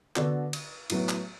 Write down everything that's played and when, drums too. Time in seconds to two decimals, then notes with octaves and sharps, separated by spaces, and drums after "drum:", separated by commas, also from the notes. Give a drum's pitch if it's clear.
0.16 D3 B3 D4 F#4 A4, drum: clap
0.53 drum: cymbal
0.90 A2 F#3 B3, drum: cymbal
1.09 drum: clap